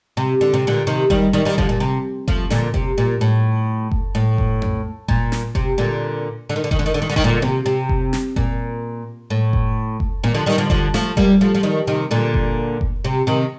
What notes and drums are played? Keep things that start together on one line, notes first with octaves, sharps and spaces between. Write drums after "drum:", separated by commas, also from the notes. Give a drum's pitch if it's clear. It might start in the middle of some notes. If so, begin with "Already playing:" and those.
C3
D3
C3
A#2 D3
C3 D#3
D#3 G3, drum: kick F#1
D#3 G3
D#3 G3
D3 F3, drum: kick F#1
A#2
C3
F3 A3, drum: kick F#1
A#2 D3, drum: snare
C3, drum: kick F#1
A#2
A2
drum: kick F#1
A2
drum: kick F#1
drum: tom F2
A#2, drum: kick F#1
drum: snare
C3, drum: kick F#1
A#2 D3
D3
D#3
D3
D#3, drum: kick F#1
D3
D#3
D3
D#3
D3
D#3, drum: kick F#1
A#2 D3
C3, drum: tom A#3
C3
drum: kick F#1
drum: snare
A#2, drum: kick F#1
A2
drum: kick F#1
drum: kick F#1
A#2, drum: tom A#3
D3 F3
D#3 G3
D3 F3
D3 F3, drum: kick F#1
F3 A3, drum: snare
G3 A#3, drum: kick F#1
F3 A3
F3
D#3 G3
C3 D#3
A#2 D3
drum: kick F#1
drum: kick F#1
C3
C3 D#3